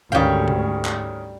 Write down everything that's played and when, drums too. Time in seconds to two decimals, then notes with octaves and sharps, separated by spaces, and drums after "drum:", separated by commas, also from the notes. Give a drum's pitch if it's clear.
0.12 D2 G#2 D#3 G3 C#4 F5 G5
0.48 drum: tom
0.85 drum: clap